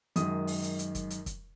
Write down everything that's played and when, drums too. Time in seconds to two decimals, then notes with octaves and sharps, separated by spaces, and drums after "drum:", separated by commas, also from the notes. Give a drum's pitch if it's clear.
0.16 F#2 D#3 G#3 D#6, drum: hi-hat
0.47 drum: open hi-hat
0.63 drum: hi-hat
0.79 drum: hi-hat
0.95 drum: kick, hi-hat
1.10 drum: hi-hat
1.26 drum: kick, hi-hat